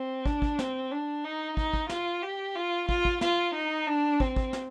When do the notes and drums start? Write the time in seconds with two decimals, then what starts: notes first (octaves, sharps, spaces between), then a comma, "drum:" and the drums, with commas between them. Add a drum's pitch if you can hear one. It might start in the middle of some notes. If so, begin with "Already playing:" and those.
Already playing: C4
0.26 D4, drum: kick
0.42 drum: kick
0.59 C4, drum: snare
0.91 D4
1.24 D#4
1.57 D#4, drum: kick
1.73 drum: kick
1.89 F4, drum: snare
2.22 G4
2.56 F4
2.89 F4, drum: kick
3.05 drum: kick
3.21 F4, drum: snare
3.54 D#4
3.87 D4
4.20 C4, drum: kick
4.36 drum: kick
4.53 drum: snare